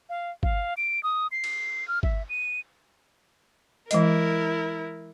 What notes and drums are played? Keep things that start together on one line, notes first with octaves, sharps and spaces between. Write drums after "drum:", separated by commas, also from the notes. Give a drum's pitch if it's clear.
F5
F5, drum: kick
D7
D#6
C7
drum: cymbal
F6
E5, drum: kick
D#7
E3 G#3 E4 A#4 D#5, drum: hi-hat